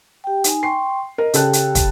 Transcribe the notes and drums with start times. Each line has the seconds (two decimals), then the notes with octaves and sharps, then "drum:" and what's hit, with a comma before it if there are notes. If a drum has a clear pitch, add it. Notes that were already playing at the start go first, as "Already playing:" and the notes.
0.24 G4 G5
0.44 D#4 G#5, drum: hi-hat
0.63 G5 C6 C#6 C7
1.18 A#4 D#5
1.34 C#3 G4 A4 G5 F#6, drum: hi-hat
1.53 drum: hi-hat
1.75 drum: kick, hi-hat